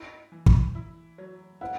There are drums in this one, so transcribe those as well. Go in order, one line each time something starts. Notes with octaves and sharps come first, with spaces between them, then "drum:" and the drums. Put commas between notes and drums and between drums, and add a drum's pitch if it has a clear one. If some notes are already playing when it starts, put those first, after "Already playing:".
Already playing: E4
E3
drum: kick
E4
F#3
E4 F#5